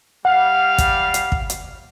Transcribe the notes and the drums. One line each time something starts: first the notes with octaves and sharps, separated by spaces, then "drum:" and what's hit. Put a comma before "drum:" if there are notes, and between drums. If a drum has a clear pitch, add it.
G3 F5 F#5
drum: kick, hi-hat
drum: hi-hat
drum: kick
drum: hi-hat